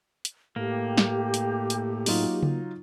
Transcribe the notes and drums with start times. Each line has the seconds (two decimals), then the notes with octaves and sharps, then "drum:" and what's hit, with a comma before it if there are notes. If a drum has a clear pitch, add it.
0.25 drum: hi-hat
0.56 A2 A#3 G4
0.98 drum: snare
1.34 drum: hi-hat
1.70 drum: hi-hat
2.06 F#3 D#4 F4, drum: open hi-hat
2.43 drum: tom C#3